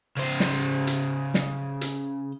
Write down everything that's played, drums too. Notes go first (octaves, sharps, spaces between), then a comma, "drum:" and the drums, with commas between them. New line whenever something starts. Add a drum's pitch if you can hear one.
C#3 C5
drum: snare
drum: hi-hat
drum: snare
drum: hi-hat